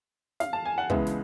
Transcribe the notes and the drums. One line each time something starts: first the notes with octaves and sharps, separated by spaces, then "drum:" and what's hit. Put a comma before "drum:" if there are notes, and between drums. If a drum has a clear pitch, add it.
F5, drum: snare
A5
G#5
F#5
C#2 C#3 E3 G#3 B3 E5, drum: kick
drum: snare